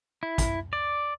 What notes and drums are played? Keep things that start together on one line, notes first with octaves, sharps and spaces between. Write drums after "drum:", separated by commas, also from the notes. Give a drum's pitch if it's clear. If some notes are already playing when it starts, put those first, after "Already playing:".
E4
drum: kick, hi-hat
D5